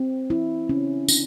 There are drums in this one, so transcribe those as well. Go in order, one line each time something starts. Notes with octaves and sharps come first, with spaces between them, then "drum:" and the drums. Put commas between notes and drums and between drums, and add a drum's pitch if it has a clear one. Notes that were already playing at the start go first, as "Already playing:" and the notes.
Already playing: C4
E4
C#4
D4, drum: tambourine